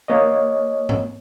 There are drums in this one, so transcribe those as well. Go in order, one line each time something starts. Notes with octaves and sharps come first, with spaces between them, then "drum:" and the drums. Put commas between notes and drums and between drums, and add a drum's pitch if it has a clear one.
A#3 C#5 D#5
drum: tom G#2